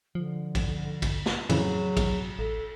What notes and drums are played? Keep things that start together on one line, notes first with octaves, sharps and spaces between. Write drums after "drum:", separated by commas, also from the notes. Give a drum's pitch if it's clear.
D3 F3
drum: kick A1, cymbal
drum: kick A1, cymbal
drum: snare
F2 A2 C#3 E3 F#3 G#4, drum: cymbal
drum: kick A1, cymbal
A1 A4